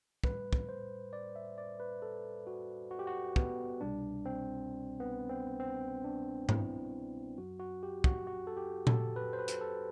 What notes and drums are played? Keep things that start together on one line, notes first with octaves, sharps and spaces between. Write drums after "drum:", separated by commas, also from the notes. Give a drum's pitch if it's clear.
A2 G3 B4, drum: kick
drum: kick
C5
D5
E5
D5
B4
A4
F#4
F#4
G4
F#4
B3, drum: kick
C2 B2 G3 D4
C4
B3
C4
C4
D4
E4, drum: tom G#2
F#2 F#3 F#4
F#4
G4
F#4, drum: kick
F#4
A4
G4
A4, drum: tom A#2
B4
C5
B4
drum: hi-hat
A4